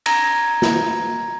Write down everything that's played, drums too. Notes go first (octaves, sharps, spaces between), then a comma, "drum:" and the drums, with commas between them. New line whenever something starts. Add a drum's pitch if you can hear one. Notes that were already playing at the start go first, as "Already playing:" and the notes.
A#5 G#6 A#6, drum: cymbal
drum: snare